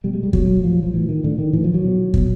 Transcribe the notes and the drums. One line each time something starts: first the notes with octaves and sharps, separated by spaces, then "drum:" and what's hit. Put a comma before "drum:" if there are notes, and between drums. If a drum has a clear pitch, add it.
B2 G3
G#3
G3
B2 F#3, drum: kick
A2 F3
F3
A2 E3
D#3
A2 D3
D#3
A2 E3
F3
F#3
B2
B2, drum: kick